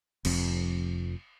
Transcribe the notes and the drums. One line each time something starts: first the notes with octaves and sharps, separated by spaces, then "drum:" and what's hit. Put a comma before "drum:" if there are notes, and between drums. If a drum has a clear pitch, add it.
F1 F2, drum: cymbal